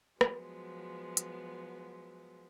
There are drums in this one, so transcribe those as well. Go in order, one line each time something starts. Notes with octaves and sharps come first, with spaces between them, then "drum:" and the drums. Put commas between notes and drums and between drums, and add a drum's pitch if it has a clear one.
F3 F#3 G#3 B3, drum: rim click
drum: hi-hat